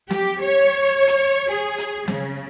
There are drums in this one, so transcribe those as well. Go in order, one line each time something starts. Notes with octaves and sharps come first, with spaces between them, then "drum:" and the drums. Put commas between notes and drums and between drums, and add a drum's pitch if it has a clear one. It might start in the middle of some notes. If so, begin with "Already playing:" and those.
G4, drum: snare
C#5
drum: hi-hat
G#4
drum: hi-hat
C#3, drum: snare